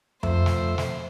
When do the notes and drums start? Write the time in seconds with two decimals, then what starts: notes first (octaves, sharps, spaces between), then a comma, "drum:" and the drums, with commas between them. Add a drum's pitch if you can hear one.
0.23 F2 A3 C5 E5, drum: tom F2
0.46 drum: snare
0.78 drum: snare